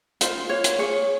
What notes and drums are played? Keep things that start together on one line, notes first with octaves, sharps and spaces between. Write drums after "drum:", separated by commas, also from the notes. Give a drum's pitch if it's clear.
F4 C5, drum: hi-hat
F4 C#5
drum: hi-hat
G#4 C#5